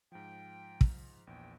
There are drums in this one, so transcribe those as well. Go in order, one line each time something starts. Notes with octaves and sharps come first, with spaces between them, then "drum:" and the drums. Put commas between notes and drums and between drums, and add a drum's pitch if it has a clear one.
G#2 F3 G5
drum: kick
A#1 E2 G5